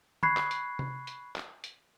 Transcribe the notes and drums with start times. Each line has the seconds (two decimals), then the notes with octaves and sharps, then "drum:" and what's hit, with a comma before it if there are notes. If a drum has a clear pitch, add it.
0.23 B5 C#6 F#6 G#6 C7, drum: tom D3
0.37 drum: clap
0.51 drum: hi-hat
0.79 drum: tom C3
1.07 drum: hi-hat
1.36 drum: clap
1.64 drum: hi-hat